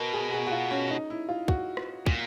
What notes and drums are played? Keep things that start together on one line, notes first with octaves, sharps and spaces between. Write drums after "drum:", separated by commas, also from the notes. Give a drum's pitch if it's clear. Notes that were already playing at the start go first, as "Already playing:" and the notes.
Already playing: B2 A#4
G#4
G#4
F#4
F4
C#4
D#4
E4
F4
F#4, drum: kick
drum: rim click
A#2, drum: kick